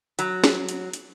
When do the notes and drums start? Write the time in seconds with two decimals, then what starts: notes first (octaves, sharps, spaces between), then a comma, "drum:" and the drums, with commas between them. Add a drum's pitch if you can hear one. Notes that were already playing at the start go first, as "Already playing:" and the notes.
0.19 F#3, drum: hi-hat
0.44 drum: snare
0.69 drum: hi-hat
0.94 drum: hi-hat